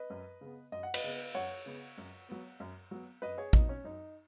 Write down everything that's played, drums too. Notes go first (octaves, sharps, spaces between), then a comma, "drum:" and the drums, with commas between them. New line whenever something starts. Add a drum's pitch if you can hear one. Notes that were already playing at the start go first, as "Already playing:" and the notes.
Already playing: B4 D#5
F#2
C#3 B3
F#2 D#5
F#5
B4 D#5, drum: cymbal
C#3 B3
F#2 C#5 F#5
C#3 B3
F#2
F#3 B3
F#2
F#3 B3
F#2 B4 D#5
G#4 C#5
F#3 B3 D#4, drum: kick
C#4
F#2 D#4